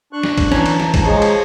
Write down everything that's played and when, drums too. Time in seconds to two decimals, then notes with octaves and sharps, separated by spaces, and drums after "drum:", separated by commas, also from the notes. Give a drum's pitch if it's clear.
0.13 D4 C#6 F#6
0.23 drum: snare
0.38 drum: kick, cymbal
0.52 E3 C#4 A5 A#5, drum: snare
0.66 drum: cymbal
0.80 drum: snare
0.94 drum: kick, cymbal
1.04 F3 G#3 G#4 C#5
1.22 drum: cymbal